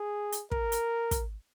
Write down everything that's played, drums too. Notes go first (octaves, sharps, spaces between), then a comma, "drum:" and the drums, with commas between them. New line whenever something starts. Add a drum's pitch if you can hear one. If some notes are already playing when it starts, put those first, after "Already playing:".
Already playing: G#4
drum: hi-hat
A#4, drum: kick
drum: hi-hat
drum: kick, hi-hat